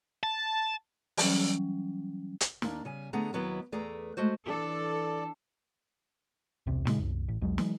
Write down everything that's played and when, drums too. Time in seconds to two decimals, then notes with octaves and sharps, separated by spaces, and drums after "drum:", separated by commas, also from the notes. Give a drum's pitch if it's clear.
0.23 A5
1.17 E3 F#3 G3 C#4, drum: open hi-hat
2.41 drum: hi-hat
2.62 D#2 A#3 D4, drum: snare
2.85 C#3 G3 G#5
3.13 D3 A3 B3 G#4 F#5 A#5
3.33 D#2 D#3 F#3 B3 E4 B4
3.72 E2 A3 G#4 B4 D5 A#5
4.17 G#3 A3 F#4 C5
4.49 E3 D4 A4 D5
6.67 E1 C2 C3
6.87 A#2 C#3 G3 G#3, drum: snare
6.99 C2 F#2
7.28 A1
7.41 B1 E2 F#3 G#3
7.58 E3 F#3 G#3, drum: snare